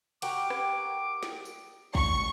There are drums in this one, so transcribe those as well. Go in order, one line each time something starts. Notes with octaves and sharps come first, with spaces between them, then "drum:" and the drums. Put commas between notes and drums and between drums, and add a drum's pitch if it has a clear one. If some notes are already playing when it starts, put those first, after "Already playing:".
F#4 G4 A#4 D6, drum: cymbal
drum: rim click
drum: snare
drum: tambourine
A3 C#6, drum: kick